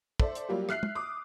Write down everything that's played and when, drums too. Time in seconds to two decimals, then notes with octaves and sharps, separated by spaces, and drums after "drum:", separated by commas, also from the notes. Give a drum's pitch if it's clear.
0.20 A4 C5 D5 E5, drum: kick
0.35 drum: hi-hat
0.49 F#3 G3 A#3 F4 G4
0.69 E5 F6 F#6 C7, drum: rim click
0.83 drum: tom
0.95 D6 D#6